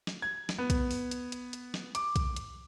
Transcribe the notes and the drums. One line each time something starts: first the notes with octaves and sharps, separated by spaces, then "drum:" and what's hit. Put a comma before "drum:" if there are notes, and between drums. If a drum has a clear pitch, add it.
drum: snare
G#6
drum: snare
B3
drum: kick B1, hi-hat
drum: open hi-hat
drum: hi-hat
drum: hi-hat
drum: hi-hat
drum: snare
D6, drum: hi-hat
drum: kick B1, hi-hat
drum: hi-hat